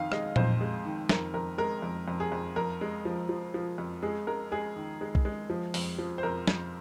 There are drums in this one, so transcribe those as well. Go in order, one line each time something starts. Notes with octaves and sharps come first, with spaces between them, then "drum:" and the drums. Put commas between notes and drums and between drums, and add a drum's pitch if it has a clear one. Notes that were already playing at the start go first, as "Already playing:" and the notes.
Already playing: F2 D#3 F5
G#3 D#5, drum: rim click
F2 C5, drum: tom A#2
G#3
D#3
F2 A#4, drum: snare
F2 A#4
G#3 A#4
F2
F2
G#4
F2
F2 A#4
G#3
F3
F3
F3
F2
G#3 G#4
G#3 A#4
G#3 G#4
D#3
G#3
drum: kick
G#3
F3
F2, drum: open hi-hat
F3
C5
F2 A#4
F2, drum: snare